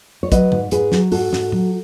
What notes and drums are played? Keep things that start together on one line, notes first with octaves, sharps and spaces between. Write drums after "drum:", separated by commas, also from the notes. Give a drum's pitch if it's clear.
C#5
F#3 B4 D#5, drum: kick, hi-hat
G#2, drum: tom
G#2 G#4 B4, drum: hi-hat
F#3, drum: snare
G#2 F#4 A4, drum: open hi-hat
G#2, drum: snare
F#3, drum: tom